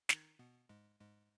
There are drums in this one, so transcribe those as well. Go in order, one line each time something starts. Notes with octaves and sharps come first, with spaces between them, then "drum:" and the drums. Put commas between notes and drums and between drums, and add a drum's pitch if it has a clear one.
D#3 D#4, drum: snare
B2 B3
G#2 G#3
G#2 G#3